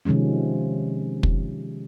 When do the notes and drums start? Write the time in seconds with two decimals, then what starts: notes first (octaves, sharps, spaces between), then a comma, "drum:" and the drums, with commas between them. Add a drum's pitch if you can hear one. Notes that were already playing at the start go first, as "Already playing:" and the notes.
0.05 C3 D#3 F3 G#3 C#4
1.23 drum: kick